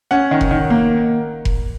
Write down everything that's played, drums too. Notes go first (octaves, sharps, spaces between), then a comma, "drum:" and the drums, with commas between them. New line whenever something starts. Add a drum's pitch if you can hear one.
C#4 F#5
D#3
drum: kick F1
D#3
A#3
drum: kick F1